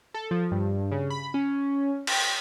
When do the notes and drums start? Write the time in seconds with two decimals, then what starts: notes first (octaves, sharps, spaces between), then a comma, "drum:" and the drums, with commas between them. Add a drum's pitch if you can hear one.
0.14 A4
0.31 F3
0.51 G2
0.92 C#3
1.10 B5
1.34 C#4
2.07 G5, drum: cymbal